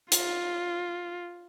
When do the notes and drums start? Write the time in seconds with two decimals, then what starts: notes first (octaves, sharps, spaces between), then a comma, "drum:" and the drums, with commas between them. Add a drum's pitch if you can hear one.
0.12 F4, drum: hi-hat